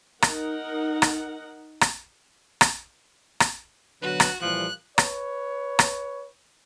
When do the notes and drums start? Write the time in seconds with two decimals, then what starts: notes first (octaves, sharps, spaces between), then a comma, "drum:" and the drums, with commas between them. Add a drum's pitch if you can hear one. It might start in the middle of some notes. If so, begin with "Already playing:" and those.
0.22 D#4 A#4 F#5, drum: rim click
1.02 drum: rim click
1.81 drum: rim click
2.61 drum: rim click
3.40 drum: rim click
4.02 B2 D3 F#3 F#4 B4
4.20 drum: rim click
4.41 A#2 E3 F3 G3 F#6
4.98 B4 C#5, drum: rim click
5.79 drum: rim click